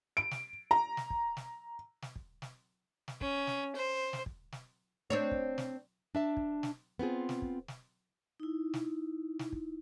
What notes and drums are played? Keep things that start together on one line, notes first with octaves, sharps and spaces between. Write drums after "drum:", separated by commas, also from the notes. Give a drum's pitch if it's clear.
D7
drum: snare
A#5
drum: snare
drum: kick
drum: snare
drum: snare
drum: kick
drum: snare
drum: snare
C#4, drum: kick
drum: snare
C5
drum: snare
drum: kick
drum: snare
C4 D4 C#5
drum: kick
drum: snare
D4 E5 A5
drum: kick
drum: snare
B3 C4 F4 G#4
drum: snare
drum: kick
drum: snare
D#4 E4
drum: snare
drum: snare
drum: kick